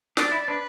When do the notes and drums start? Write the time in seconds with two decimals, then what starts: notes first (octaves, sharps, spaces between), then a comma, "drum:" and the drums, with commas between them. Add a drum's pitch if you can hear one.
0.17 D4 D5, drum: snare
0.32 E4
0.41 D5
0.48 D4 B4